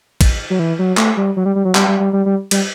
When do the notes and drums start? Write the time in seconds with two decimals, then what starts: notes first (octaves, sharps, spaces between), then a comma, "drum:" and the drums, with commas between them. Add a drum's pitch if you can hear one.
0.21 drum: kick, cymbal
0.50 F#3
0.59 E3
0.79 F#3
0.97 A3, drum: clap
1.17 G3
1.37 F#3
1.46 G3
1.56 G3
1.65 F#3
1.75 G3, drum: clap
1.88 G3
2.00 G3
2.13 G3
2.26 G3
2.51 G3, drum: cymbal